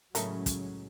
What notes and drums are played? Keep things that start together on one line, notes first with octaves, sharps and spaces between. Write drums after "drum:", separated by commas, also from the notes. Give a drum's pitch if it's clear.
A2 C#3 F#3 G#3 A3 C#4 A#4 D#5, drum: hi-hat
drum: kick, hi-hat